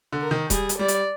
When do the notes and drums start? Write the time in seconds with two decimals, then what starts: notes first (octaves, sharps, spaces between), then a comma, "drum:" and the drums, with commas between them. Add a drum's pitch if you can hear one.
0.12 D3
0.21 A#4
0.31 D#3
0.50 G3 G#4, drum: kick D#1, hi-hat
0.69 drum: hi-hat
0.79 G3 D5
0.88 drum: hi-hat